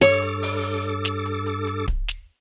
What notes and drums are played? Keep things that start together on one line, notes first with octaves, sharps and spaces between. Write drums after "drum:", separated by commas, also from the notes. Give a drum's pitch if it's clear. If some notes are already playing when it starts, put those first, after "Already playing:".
G2 A4 C#5 D6, drum: snare
drum: hi-hat
drum: open hi-hat
drum: hi-hat
drum: snare
drum: hi-hat
drum: hi-hat
drum: hi-hat
drum: kick D1, hi-hat
drum: snare